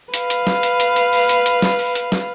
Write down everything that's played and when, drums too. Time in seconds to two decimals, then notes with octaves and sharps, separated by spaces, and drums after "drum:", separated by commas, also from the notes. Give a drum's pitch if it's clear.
0.14 B4 F5, drum: hi-hat
0.30 drum: hi-hat
0.47 drum: snare
0.63 drum: hi-hat
0.80 drum: hi-hat
0.96 drum: hi-hat
1.13 drum: open hi-hat
1.29 drum: hi-hat
1.46 drum: hi-hat
1.62 drum: snare
1.79 drum: open hi-hat
1.95 drum: hi-hat
2.12 drum: snare